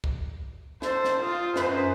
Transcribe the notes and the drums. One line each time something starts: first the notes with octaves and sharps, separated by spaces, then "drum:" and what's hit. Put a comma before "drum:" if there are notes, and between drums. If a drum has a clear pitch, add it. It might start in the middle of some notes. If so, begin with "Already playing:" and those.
drum: kick
A4 C5, drum: snare
drum: snare
F4 D#6
F#2 B4 C5, drum: snare